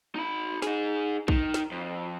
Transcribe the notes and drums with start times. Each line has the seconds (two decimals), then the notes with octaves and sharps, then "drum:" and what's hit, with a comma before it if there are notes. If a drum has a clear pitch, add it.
0.15 D#4 B5
0.62 D#4 G#4, drum: snare
1.28 D#3, drum: kick A#1
1.54 drum: snare
1.72 F2